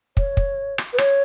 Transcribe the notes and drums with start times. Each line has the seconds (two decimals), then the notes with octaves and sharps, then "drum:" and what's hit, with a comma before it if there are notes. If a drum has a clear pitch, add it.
0.17 C#5, drum: kick
0.37 drum: kick
0.78 drum: rim click
0.93 B4
0.98 C#5, drum: rim click